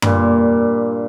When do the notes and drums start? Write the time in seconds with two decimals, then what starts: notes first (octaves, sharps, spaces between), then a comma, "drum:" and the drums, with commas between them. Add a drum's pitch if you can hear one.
0.02 G2 A#2, drum: tom F#2